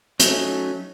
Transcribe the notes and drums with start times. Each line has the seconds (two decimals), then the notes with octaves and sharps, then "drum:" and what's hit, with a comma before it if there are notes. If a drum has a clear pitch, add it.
0.20 F#3 A3 C#4 D#4, drum: hi-hat